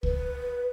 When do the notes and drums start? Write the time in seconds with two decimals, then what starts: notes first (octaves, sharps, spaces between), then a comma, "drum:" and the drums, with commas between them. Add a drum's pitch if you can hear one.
0.03 B4, drum: kick C#2